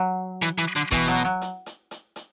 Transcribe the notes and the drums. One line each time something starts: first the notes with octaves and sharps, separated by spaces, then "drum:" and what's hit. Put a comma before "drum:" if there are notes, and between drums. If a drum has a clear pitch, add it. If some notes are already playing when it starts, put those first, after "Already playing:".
Already playing: F#3
E3, drum: hi-hat
E3
D3
B2 E3, drum: kick, hi-hat
F#3
F#3
drum: hi-hat
drum: hi-hat
drum: hi-hat
drum: hi-hat